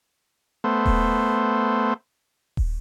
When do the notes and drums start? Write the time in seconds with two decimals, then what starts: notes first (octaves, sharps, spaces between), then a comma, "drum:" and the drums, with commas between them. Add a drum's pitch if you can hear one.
0.64 A3 B3 C5
0.86 drum: kick D#1
2.57 drum: kick D#1